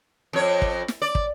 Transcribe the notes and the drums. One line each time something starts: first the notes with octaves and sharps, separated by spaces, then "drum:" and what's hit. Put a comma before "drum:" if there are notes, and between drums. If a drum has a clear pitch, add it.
F2 C#5
drum: kick
drum: snare
D5
drum: kick